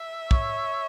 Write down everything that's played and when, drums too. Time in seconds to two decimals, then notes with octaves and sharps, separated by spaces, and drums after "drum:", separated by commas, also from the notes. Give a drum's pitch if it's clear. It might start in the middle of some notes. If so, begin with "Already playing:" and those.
Already playing: E5
0.31 C#5, drum: kick